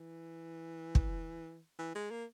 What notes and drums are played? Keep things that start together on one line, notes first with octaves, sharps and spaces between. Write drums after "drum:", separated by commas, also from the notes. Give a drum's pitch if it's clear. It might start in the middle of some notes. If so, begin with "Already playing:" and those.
Already playing: E3
drum: kick
E3
G#3
A#3